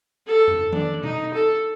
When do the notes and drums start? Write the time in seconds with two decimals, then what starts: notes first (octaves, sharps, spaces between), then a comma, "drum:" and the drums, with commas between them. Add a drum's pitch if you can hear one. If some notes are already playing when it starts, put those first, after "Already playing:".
0.27 A4
0.48 drum: tom
0.72 D4, drum: tom D#3
1.03 D#4, drum: tom B2
1.34 A4